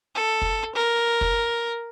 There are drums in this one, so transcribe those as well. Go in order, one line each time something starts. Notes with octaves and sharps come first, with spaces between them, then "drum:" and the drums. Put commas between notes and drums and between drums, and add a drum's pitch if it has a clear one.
A4
drum: kick
A#4
drum: kick